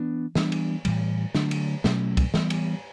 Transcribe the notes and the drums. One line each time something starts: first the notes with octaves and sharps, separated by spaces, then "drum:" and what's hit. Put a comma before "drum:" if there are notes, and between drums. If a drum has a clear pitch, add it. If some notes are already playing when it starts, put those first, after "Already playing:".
Already playing: E3 B3 D4
E3 G3 B3 D4, drum: snare
drum: cymbal
A2 E3 G3, drum: cymbal
D3 F#3 A3 D4, drum: snare
drum: cymbal
B2 F#3 A3 C#4, drum: snare
drum: kick, cymbal
E3 G3 B3, drum: snare
drum: cymbal